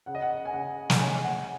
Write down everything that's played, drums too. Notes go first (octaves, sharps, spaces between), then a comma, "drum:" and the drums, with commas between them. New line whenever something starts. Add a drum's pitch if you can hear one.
C#3 F#5
D#5
F#5
G#5
C#3 F#5
drum: snare
C#4 G#5
F#5